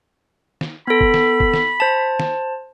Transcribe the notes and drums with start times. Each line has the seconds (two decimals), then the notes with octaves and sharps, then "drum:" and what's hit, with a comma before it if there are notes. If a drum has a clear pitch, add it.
0.61 drum: snare
0.87 B3 A4 B5
1.01 drum: kick
1.14 drum: snare
1.40 drum: kick
1.53 drum: snare
1.80 C5 A5
2.20 drum: snare